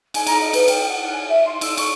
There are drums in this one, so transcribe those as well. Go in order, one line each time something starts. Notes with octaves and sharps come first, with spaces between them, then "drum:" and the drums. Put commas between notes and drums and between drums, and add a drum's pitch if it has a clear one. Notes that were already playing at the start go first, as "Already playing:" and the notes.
G#5, drum: cymbal
A#5, drum: cymbal
D#5
B4, drum: cymbal
G5, drum: cymbal
F#5
G#5
E5
C6
E6, drum: cymbal
C#6, drum: cymbal